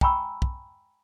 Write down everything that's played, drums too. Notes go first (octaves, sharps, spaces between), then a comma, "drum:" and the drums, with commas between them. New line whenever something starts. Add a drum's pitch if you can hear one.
G5 G#5 A#5 B5 C#6 E6, drum: kick
drum: kick